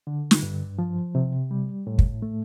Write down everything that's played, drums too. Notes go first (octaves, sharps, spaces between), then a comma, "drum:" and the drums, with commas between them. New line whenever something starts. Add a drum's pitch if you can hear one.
D3
drum: snare
G2
F3
C3
G3
A2
drum: kick
A3